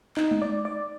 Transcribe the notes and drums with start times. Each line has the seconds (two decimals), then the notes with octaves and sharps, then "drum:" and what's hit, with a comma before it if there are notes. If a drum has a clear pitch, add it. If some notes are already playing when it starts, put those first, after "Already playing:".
0.17 D#4, drum: clap
0.31 drum: tom G#3
0.42 D5
0.65 D5